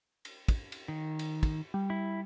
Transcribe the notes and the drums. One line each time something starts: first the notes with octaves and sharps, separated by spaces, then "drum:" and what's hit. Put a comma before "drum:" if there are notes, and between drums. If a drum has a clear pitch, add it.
drum: cymbal
drum: kick, cymbal
drum: cymbal
D#3
drum: cymbal
drum: kick, cymbal
G3
E4